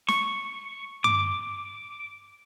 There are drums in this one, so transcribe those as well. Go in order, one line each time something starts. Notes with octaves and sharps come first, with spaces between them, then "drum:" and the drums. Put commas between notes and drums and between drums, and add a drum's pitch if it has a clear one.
C#6, drum: snare
D6, drum: tom G2